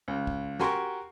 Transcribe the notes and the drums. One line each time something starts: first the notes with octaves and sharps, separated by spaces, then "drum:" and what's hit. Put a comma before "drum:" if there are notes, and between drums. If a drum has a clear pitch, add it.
C#2
drum: kick
F#4 G4 A#4 G#5 C6 C#6, drum: snare